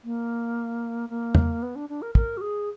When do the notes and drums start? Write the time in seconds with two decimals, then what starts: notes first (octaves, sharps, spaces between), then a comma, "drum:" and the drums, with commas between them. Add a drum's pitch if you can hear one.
0.04 A#3
1.10 A#3
1.35 drum: tom E2
1.63 B3
1.76 D4
1.89 D4
2.02 A#4
2.15 A#4, drum: kick
2.37 F#4
2.41 G#4